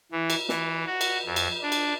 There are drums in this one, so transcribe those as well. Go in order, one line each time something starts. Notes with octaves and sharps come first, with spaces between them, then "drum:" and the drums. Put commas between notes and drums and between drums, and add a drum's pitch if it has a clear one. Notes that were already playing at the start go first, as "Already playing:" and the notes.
E3
drum: cymbal
E3, drum: snare
F#4
drum: cymbal
F2
drum: cymbal
D4
drum: cymbal